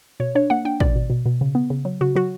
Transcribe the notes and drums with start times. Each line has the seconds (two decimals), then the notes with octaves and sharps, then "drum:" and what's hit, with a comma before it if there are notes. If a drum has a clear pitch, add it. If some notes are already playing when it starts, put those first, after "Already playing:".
0.20 B2 C#5
0.35 D4 C#5
0.50 A#3 F#5
0.65 D4 G5
0.80 B2 D5, drum: kick
0.96 B2
1.10 B2
1.26 B2
1.41 C#3
1.55 B3
1.70 C#3
1.85 F#3
2.01 C#3 F#4
2.15 F#3 F#4